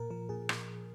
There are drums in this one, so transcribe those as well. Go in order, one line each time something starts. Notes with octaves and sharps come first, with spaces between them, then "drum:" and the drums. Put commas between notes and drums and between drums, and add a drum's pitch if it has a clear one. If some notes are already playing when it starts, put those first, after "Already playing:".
Already playing: A#2 A#4
F3 A#4
A#2 G#4
drum: rim click